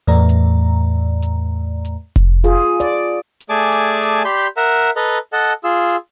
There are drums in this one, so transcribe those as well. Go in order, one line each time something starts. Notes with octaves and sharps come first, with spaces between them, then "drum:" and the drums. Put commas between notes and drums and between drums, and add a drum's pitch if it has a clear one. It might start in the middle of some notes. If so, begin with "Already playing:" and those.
E2 A2 A3 D5 A#5
drum: hi-hat
drum: hi-hat
drum: hi-hat
drum: kick F1, hi-hat
F4 G#4
D5, drum: hi-hat
drum: hi-hat
A3 G#4 D5 G#5 A5 D6
drum: hi-hat
drum: hi-hat
G4 D5 B5 C6 G6
A#4 E5 F#5 A#5
A4 B4 D#5 A#5
A4 D#5 F#5 A5
F4 G#4 E6
drum: hi-hat